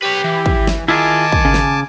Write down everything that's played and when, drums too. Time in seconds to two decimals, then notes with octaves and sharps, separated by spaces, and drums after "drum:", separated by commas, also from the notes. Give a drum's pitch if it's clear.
0.02 G4 B4 C#5
0.24 E3
0.46 drum: kick
0.67 drum: snare
0.88 D#3 E4 F4 G#4 G#5 A5 D6
1.32 drum: kick
1.45 C#3
1.54 drum: snare